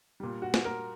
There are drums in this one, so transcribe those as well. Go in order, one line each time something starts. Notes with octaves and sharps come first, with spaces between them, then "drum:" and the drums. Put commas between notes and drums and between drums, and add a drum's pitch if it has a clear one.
A#2 G3
F#4
drum: snare
A#4